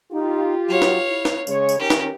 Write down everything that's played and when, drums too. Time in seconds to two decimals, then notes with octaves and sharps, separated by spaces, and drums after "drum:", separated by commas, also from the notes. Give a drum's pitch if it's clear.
0.12 D#4 F4 G4
0.69 F#3 C#5 F5
0.82 drum: snare
1.09 E4
1.25 drum: snare
1.47 C#3 G#3 C#5, drum: tambourine
1.69 drum: tambourine
1.79 D#3 C#4 G4 A#4
1.90 drum: snare